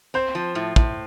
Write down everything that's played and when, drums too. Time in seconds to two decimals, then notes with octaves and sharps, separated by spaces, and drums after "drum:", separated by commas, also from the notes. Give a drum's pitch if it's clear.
0.14 C4 C5
0.35 F3
0.55 A2
0.76 A2, drum: kick